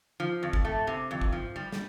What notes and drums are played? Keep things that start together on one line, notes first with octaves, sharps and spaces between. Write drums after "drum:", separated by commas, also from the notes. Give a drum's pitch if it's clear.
F3
F2
drum: kick
A3
C3
F2
drum: kick
F3
G3
drum: snare